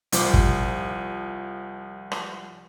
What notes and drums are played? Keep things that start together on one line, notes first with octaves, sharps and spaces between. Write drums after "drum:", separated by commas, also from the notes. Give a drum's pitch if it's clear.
C2 F3 C5 D6, drum: hi-hat
drum: kick
drum: rim click